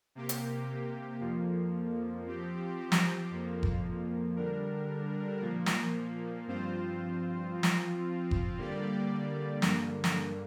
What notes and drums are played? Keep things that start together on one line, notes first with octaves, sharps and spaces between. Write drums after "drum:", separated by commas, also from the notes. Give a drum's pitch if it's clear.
C3 A#3 G4
drum: hi-hat
F2 F3 A#3
F3 C4 G4
drum: snare
F2 F3 A#3
drum: kick F#1
D3 G3 D4 A#4
A#2 F3 A#3
drum: snare
G2 F3 C4 F4 C5
F3 C4 F4
drum: snare
drum: kick F#1
D3 G3 A#3 G4 D5
G2 D3 A#3, drum: snare
drum: snare